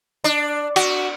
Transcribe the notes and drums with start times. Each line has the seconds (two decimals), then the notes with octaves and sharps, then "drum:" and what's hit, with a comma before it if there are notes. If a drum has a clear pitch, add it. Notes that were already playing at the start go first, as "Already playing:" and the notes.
0.24 D4
0.76 F#4, drum: cymbal